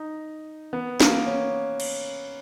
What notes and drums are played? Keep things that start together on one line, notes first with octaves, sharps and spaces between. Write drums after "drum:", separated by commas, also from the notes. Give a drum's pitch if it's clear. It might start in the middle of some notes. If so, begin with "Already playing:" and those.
Already playing: D#4
B3
A#3, drum: snare
C#4
drum: cymbal